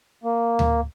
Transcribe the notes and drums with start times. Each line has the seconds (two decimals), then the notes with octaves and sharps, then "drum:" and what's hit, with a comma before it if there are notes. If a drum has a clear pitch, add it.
0.24 A#3
0.59 drum: tom D2